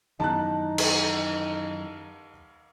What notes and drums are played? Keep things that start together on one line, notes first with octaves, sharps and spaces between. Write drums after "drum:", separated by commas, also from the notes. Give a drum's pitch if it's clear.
F#2 D#3 E3 D#4 A5 A#5 F#6
drum: cymbal